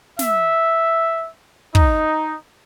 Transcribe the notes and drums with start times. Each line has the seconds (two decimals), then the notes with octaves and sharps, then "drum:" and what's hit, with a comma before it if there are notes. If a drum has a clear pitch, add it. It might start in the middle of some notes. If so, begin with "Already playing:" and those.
0.19 E5, drum: snare
1.75 D#4, drum: kick